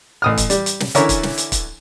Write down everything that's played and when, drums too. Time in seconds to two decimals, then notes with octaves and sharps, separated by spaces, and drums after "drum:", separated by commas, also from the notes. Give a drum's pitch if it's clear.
0.22 A1 D#6 F6
0.37 drum: kick, hi-hat
0.50 G3, drum: hi-hat
0.66 drum: hi-hat
0.80 drum: snare
0.95 D3 E3 C#4 E4 A#4 C#5, drum: hi-hat
1.09 drum: kick, hi-hat
1.23 drum: snare
1.38 drum: hi-hat
1.52 drum: kick, hi-hat